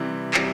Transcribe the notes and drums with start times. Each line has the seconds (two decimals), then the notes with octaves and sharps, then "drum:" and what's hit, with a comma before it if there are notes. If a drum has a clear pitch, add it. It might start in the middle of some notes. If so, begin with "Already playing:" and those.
Already playing: C3 E3 G3
0.34 C3 E3 G3, drum: clap